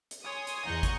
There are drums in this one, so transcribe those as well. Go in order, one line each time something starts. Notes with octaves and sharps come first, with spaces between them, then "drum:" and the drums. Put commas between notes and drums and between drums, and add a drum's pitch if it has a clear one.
drum: hi-hat
C#5 G#5 C6 D#6
drum: hi-hat
E2 D#5 F#5 A#5 C#6 G6
drum: kick, hi-hat